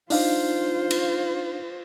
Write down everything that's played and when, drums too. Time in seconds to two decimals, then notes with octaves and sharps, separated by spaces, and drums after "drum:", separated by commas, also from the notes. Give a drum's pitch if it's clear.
0.10 D4 D#4 F4 C5 F5, drum: open hi-hat
0.91 drum: cymbal